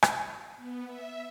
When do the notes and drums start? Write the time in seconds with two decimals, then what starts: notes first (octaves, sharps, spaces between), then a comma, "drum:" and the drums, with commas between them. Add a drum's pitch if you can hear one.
0.02 drum: rim click
0.56 B3
0.87 E5